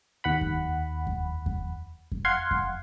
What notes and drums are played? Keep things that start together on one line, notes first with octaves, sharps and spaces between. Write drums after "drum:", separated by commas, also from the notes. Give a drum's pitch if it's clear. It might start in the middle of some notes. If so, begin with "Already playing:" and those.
D#2 F#5 B5
drum: kick F2
drum: kick F2
drum: kick F2
drum: kick F2
F5 F#5 C6 G#6
drum: kick F2